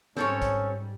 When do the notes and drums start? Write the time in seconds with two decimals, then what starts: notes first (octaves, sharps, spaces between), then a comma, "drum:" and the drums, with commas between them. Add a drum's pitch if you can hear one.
0.17 G#2 G3 C4 C#4 A4 C#5, drum: snare
0.42 drum: kick, hi-hat